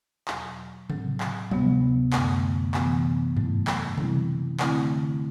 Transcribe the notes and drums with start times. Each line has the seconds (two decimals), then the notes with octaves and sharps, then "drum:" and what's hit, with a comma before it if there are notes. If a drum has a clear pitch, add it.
0.28 E2 B2 F#3, drum: clap
0.90 A2 F#3 C4, drum: tom C3
1.20 drum: clap
1.51 D2 C3 G3 B3, drum: tom F3
2.13 F#2 D3 A3, drum: clap
2.74 C3 E3 B3, drum: clap
3.36 D3 F#3 A3 E4, drum: tom G2
3.67 drum: clap
3.98 C3 E3 G3 C4 E4, drum: tom C3
4.60 D3 A3 C4 E4, drum: clap